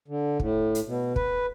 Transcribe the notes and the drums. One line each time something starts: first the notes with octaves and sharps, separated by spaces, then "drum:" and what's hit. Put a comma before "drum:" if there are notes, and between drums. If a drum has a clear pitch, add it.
D3
A2, drum: kick
drum: hi-hat
B2
B4, drum: kick